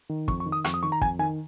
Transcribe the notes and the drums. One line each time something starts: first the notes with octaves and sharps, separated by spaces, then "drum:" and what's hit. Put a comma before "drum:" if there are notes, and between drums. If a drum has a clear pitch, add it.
D#3
F2 C#6, drum: kick
C#6
D#3
D#6
F2 C#6, drum: rim click
D#6
D#3 C#6
A#5
F2 G#5, drum: kick
D#3 G#5